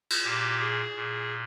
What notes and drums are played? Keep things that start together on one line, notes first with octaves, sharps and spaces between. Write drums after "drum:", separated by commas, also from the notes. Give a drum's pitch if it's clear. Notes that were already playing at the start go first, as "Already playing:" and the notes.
drum: cymbal
A#2 G4
G#4
A#2